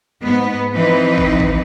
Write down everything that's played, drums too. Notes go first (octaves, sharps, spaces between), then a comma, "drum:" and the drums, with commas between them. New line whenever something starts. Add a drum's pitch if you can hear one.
G#2 B3 B4
E3 F3 C4 D#4 B4
drum: kick
drum: kick